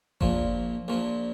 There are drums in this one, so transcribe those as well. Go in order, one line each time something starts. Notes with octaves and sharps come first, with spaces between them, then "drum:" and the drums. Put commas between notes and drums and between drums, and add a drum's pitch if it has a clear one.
A#1 A#2 F3, drum: kick G1
A#1 A#2 F3